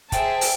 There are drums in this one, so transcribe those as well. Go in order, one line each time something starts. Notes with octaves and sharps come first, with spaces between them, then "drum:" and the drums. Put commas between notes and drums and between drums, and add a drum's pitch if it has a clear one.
G#4 C5 E5 G5 A5, drum: kick, hi-hat
drum: open hi-hat